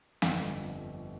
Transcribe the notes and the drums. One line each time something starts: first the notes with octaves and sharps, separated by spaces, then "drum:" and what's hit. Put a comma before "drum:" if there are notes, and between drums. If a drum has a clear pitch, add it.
G1 F2 D3, drum: snare